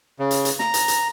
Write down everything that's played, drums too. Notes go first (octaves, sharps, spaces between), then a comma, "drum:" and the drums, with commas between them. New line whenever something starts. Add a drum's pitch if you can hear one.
C#3
drum: hi-hat
drum: hi-hat
A#5, drum: snare
drum: hi-hat
drum: hi-hat